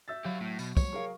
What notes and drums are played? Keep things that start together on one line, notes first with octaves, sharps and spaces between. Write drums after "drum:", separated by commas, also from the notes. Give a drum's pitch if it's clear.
F#4 E5 E6 G6 A6
F#3 F#4 G4 F5
A2
B2, drum: tambourine
C#5, drum: kick, tambourine
G#4 A#4 F5 C#6